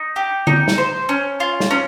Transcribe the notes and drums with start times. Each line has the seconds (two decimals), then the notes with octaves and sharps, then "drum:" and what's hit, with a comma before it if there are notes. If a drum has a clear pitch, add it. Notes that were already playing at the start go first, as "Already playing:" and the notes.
Already playing: D#4
0.16 G4
0.47 D#4, drum: tom D3
0.68 drum: snare
0.78 C5
1.09 C#4
1.40 F4
1.60 drum: snare
1.71 C#4